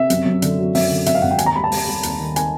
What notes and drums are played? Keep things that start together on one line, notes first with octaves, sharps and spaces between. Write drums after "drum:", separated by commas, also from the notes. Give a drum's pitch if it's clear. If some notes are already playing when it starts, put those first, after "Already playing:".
Already playing: C3 E5
F#2, drum: hi-hat
F#2
D3, drum: hi-hat
F#3
F#2 E5, drum: open hi-hat
D3
G#1 E5, drum: hi-hat
F5
G#1 F#5
G5
D#2 G#5, drum: hi-hat
A#5
G3 B5
A5
G3, drum: open hi-hat
G3
D#2, drum: hi-hat
D#3
D#3 G#5, drum: hi-hat